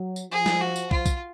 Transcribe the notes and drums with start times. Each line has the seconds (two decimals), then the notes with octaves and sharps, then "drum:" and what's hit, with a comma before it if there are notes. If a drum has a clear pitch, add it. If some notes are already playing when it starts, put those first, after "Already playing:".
Already playing: F#3
0.16 drum: tambourine
0.31 F3 G#4
0.46 drum: snare
0.61 F#4
0.76 drum: tambourine
0.91 F4, drum: kick
1.06 drum: kick, tambourine